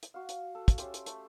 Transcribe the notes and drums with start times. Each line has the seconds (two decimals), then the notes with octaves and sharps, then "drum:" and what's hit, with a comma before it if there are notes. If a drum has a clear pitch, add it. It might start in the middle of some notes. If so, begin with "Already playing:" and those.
0.03 drum: hi-hat
0.14 F#4 F5
0.29 drum: hi-hat
0.55 A4
0.68 drum: kick, hi-hat
0.78 C#4 G4 C5 E5, drum: hi-hat
0.94 drum: hi-hat
1.06 A3, drum: hi-hat